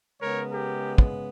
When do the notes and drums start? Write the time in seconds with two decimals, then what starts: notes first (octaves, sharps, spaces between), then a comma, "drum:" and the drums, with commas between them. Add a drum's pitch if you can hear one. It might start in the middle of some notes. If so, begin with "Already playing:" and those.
0.22 C#3 G#3 B3 A#4 C#5
0.51 G4 A#4
0.98 drum: kick